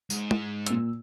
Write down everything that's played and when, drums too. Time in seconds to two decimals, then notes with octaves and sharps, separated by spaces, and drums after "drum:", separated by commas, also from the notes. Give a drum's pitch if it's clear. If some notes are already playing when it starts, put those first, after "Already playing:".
0.10 G#2, drum: tambourine
0.31 drum: tom G#3
0.66 A#2 E6, drum: hi-hat